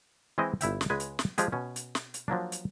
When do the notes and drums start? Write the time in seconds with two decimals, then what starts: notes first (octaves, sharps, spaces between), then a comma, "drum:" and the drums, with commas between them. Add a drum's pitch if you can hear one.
0.38 E3 G#3 C4 E4 D#5
0.61 G1 E4 E5 G5, drum: hi-hat
0.81 drum: snare
0.90 C#2 G#3 B4 G#5
1.00 drum: hi-hat
1.19 drum: snare
1.38 F3 G#3 G4 G#4, drum: hi-hat
1.52 B2 C#4
1.76 drum: hi-hat
1.95 drum: snare
2.14 drum: hi-hat
2.28 F3 F#3 A#3 D4
2.52 drum: hi-hat